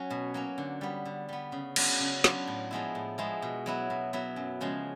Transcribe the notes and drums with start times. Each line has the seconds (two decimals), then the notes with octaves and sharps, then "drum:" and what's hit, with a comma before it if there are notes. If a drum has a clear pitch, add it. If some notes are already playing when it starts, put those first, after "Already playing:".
Already playing: F#3 C#4
0.10 B2
0.34 F#3 A#3 C#4
0.58 D3
0.81 G3 B3
1.05 D3
1.29 G3 B3
1.52 C#3
1.76 F#3 B3 D4 F4, drum: cymbal
2.00 C#3
2.24 F#3 B3 D4 F4, drum: snare
2.47 A2
2.71 F3 G#3 B3 E4
2.95 A2
3.18 F3 G#3 B3 E4
3.42 B2
3.66 F#3 B3 E4
3.90 B2
4.13 F#3 B3 E4
4.36 F#2
4.61 C#3 F3 G#3